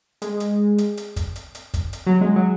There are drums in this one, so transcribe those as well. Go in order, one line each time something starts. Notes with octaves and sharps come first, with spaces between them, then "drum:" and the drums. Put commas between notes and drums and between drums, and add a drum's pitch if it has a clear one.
G#3, drum: hi-hat
drum: hi-hat
drum: hi-hat
drum: hi-hat
drum: kick, hi-hat
drum: hi-hat
drum: hi-hat
drum: kick, hi-hat
drum: hi-hat
F#3
G#3
F#3